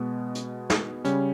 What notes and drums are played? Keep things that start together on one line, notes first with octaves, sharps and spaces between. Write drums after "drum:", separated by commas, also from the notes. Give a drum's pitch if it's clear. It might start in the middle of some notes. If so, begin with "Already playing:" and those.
Already playing: B2 G#3 B3
drum: hi-hat
drum: snare
C#3 G3 C#4, drum: hi-hat